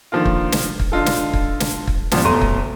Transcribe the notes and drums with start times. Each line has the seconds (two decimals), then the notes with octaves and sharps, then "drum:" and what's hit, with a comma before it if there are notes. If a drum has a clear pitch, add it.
0.12 D3 D#3 F3 A#3 F4
0.25 drum: kick
0.52 drum: snare
0.79 drum: kick
0.92 D3 D#4 F4 A4
1.06 drum: snare
1.33 drum: kick
1.60 drum: snare
1.87 drum: kick
2.12 G#1 C#2 B2 F3 G3, drum: snare
2.24 F#1 B2 A3 A#5 C6 D#7
2.41 drum: kick